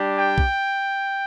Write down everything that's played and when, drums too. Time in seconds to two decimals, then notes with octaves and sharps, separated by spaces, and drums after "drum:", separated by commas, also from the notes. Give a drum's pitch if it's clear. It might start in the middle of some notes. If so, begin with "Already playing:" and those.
Already playing: G3 D4 G4
0.17 G5
0.38 drum: kick